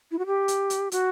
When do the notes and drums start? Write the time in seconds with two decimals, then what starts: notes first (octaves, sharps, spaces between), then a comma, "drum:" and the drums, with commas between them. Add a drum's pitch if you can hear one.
0.11 E4
0.19 F#4
0.26 G4
0.48 drum: hi-hat
0.70 drum: hi-hat
0.92 F#4, drum: hi-hat